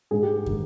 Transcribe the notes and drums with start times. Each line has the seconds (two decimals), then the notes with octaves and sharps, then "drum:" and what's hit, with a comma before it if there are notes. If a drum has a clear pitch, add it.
0.11 G#2 G#4
0.23 G4
0.34 G#4
0.46 D#3, drum: kick